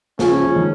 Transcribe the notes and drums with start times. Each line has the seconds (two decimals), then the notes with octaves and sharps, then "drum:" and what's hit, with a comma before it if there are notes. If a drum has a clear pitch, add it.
0.19 C#3 F3 C#4, drum: snare
0.32 C#3 F3
0.44 C#3 F3
0.56 D#3 G#3